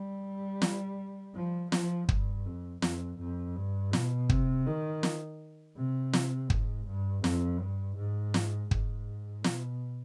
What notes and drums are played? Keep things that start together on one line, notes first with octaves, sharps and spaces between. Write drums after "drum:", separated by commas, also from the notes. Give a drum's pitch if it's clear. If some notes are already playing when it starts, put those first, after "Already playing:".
Already playing: G3
drum: snare
F3
F3, drum: snare
G2, drum: kick
F2
F2, drum: snare
F2
G2
B2, drum: snare
C3, drum: kick
D#3
drum: snare
C3
drum: snare
G#2, drum: kick
G2
F2, drum: snare
G2
G#2
drum: snare
G#2, drum: kick
B2, drum: snare